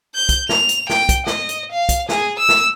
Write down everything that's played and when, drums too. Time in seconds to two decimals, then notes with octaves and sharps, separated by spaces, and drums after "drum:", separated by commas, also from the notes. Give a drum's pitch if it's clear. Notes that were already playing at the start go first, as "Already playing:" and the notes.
0.15 G6
0.29 drum: kick, hi-hat
0.49 F7, drum: snare
0.69 drum: hi-hat
0.90 G5, drum: snare
1.09 drum: kick, hi-hat
1.27 D#5, drum: snare
1.49 drum: hi-hat
1.72 F5
1.89 drum: kick, hi-hat
2.09 G#4, drum: snare
2.39 E6
2.49 drum: snare